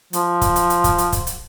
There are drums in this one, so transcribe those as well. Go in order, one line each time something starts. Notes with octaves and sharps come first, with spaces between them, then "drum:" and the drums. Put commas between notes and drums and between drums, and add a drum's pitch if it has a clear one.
F3, drum: hi-hat
drum: kick, hi-hat
drum: hi-hat
drum: hi-hat
drum: kick, hi-hat
drum: hi-hat
drum: kick, hi-hat
drum: hi-hat